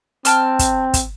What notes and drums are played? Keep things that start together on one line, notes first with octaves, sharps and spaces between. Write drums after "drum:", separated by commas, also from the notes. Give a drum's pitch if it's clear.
C4 G5 A5 F6, drum: hi-hat
drum: kick, hi-hat
drum: kick, hi-hat